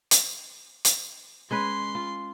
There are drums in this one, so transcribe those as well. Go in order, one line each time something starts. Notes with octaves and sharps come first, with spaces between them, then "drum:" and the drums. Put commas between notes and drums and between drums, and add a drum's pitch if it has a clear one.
drum: hi-hat
drum: hi-hat
G#3 C#4 B4 C6
F4